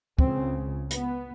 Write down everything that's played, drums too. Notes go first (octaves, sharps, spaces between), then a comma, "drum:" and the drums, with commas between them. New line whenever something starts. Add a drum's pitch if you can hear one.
C#2 C#3 C4, drum: kick
B3, drum: hi-hat